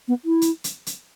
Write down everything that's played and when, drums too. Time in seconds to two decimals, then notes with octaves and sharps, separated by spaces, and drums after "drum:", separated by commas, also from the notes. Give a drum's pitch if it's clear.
0.08 B3
0.25 E4
0.42 drum: hi-hat
0.64 drum: hi-hat
0.87 drum: hi-hat